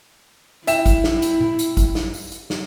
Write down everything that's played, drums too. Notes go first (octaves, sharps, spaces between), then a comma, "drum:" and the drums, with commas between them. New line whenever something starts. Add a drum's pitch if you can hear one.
E4 E5 G5 E7, drum: hi-hat
drum: kick, hi-hat
drum: snare
drum: hi-hat
drum: tom A#2
drum: hi-hat
drum: kick, hi-hat
drum: snare
drum: open hi-hat
drum: hi-hat
drum: snare